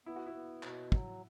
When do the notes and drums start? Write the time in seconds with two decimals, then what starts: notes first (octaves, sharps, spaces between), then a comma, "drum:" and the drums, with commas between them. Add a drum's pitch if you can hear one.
0.06 B3 E4
0.16 F#4
0.27 E4
0.34 B3
0.63 B2, drum: clap
0.92 F#3, drum: kick